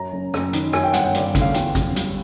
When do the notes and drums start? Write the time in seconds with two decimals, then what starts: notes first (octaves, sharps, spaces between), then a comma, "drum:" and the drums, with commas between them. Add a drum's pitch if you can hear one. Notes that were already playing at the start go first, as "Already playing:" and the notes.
Already playing: F#2 A#5
0.13 F#1
0.34 F#1, drum: rim click
0.53 D#3, drum: hi-hat
0.73 F#2 G#5, drum: rim click
0.84 G5
0.94 G1 F#5, drum: hi-hat
1.04 G5
1.15 G1 D5, drum: hi-hat
1.35 D3, drum: kick G#1, hi-hat
1.42 F5
1.54 E2 G5, drum: hi-hat
1.75 F#1, drum: kick G#1, hi-hat
1.96 G3, drum: hi-hat